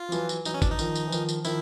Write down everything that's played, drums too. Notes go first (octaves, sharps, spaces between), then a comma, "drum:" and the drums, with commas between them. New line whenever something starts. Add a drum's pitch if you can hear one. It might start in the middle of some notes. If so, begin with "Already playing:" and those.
Already playing: F4
F3
E3 F#3, drum: tambourine
drum: tambourine
E3 F#3 D#4, drum: tambourine
C#4
D4, drum: kick, tambourine
D#4
D#3 F3, drum: tambourine
drum: tambourine
E3
D#3 F3, drum: tambourine
drum: tambourine
D#3 F3 E4, drum: tambourine